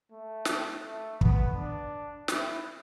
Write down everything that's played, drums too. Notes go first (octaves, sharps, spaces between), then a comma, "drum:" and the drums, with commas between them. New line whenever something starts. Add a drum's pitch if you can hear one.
A3
drum: snare
A3
B3, drum: kick
D4
E4, drum: snare